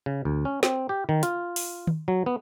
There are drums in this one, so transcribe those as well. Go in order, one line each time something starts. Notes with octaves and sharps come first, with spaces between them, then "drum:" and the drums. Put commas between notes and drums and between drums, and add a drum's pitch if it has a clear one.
C#3
D2
C#4
C4, drum: snare
G4
D#3
F4, drum: hi-hat
drum: open hi-hat
drum: tom D#3
F#3
B3